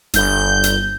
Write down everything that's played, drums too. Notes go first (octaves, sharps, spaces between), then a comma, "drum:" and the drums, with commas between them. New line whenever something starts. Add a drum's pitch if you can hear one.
G1 G6, drum: hi-hat
drum: hi-hat